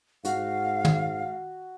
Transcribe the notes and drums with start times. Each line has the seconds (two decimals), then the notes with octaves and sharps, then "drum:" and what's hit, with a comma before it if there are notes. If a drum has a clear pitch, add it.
0.25 G#2 F#4 F5, drum: hi-hat
0.85 drum: tom